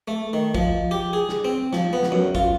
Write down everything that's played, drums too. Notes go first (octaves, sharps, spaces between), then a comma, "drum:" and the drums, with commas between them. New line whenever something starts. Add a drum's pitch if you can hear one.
A3
D#3
F3, drum: kick
G4
G#4
drum: snare
C4
F3, drum: snare
B3
drum: snare
F#2
F4, drum: kick